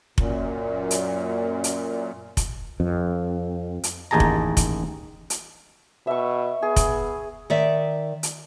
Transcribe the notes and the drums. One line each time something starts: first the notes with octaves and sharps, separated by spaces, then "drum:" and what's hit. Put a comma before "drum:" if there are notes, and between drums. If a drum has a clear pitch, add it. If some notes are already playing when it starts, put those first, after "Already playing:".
F#2 A#2, drum: kick F1
drum: hi-hat
drum: hi-hat
drum: kick F1, hi-hat
F2
drum: hi-hat
A1 D#2 D#4 G#4 A5 A#5
drum: kick F1
drum: kick F1, hi-hat
drum: hi-hat
B2 E5 C#6
B3 G#4
drum: kick F1, hi-hat
D#3 D5 E5
drum: hi-hat